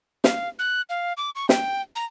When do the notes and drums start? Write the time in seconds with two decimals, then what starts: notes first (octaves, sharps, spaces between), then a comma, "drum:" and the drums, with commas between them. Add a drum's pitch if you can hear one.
0.24 F5, drum: snare
0.59 F#6
0.89 F5
1.17 D6
1.35 C#6
1.49 G5, drum: snare
1.96 A#5